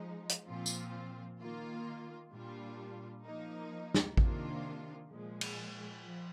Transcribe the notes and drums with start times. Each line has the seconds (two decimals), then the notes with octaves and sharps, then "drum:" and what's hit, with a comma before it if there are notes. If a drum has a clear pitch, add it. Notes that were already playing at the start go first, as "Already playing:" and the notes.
Already playing: F3 G#3 D#4
0.29 drum: hi-hat
0.47 A#2 F3 C4 F4
0.66 drum: tambourine
1.40 D#3 A#3 F4
2.32 A#2 G3 D4 F4
3.25 F3 A#3 D#4
3.94 drum: snare
4.17 C3 D#3 A#3 D4 F4, drum: kick A1
5.10 A#2 F3 G#3
5.41 drum: cymbal
6.02 F3